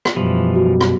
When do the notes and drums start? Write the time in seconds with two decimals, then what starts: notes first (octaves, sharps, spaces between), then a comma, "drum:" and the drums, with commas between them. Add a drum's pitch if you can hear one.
0.05 drum: rim click
0.16 F#2 B2 E3 F3 G3
0.55 F#4
0.81 drum: rim click